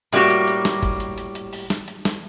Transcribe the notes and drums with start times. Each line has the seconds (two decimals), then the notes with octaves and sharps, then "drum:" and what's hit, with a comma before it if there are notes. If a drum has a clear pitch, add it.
0.12 A2 G3 A#3 F#4 G4, drum: hi-hat
0.30 drum: hi-hat
0.48 drum: hi-hat
0.65 drum: snare
0.83 drum: kick, hi-hat
1.00 drum: hi-hat
1.18 drum: hi-hat
1.35 drum: hi-hat
1.53 drum: open hi-hat
1.70 drum: snare
1.88 drum: hi-hat
2.05 drum: snare